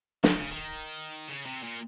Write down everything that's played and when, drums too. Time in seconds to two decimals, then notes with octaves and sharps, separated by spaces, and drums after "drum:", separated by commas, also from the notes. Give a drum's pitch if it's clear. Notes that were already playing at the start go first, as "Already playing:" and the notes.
0.24 D#3, drum: snare
0.37 C#3
0.50 D#3
1.28 C#3
1.45 C3
1.63 A#2